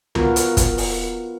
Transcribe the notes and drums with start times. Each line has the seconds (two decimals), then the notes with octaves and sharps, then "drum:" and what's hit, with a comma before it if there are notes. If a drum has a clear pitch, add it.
0.15 B3 F4 F#4 A#4, drum: tom C#2
0.36 drum: hi-hat
0.57 drum: kick, hi-hat
0.78 drum: open hi-hat